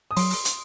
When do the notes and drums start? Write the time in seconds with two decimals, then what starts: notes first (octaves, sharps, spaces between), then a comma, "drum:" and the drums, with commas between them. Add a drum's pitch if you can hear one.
0.11 D#6
0.17 F#3 C6, drum: open hi-hat
0.31 drum: open hi-hat
0.45 drum: hi-hat